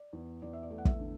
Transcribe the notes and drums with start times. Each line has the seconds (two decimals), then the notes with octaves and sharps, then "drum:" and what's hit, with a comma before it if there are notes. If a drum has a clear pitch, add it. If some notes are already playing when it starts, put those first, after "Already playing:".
Already playing: D5
0.13 E2
0.42 E2 D5
0.53 E5
0.63 D5
0.70 A3
0.78 F#5
0.85 E5, drum: kick
1.00 D3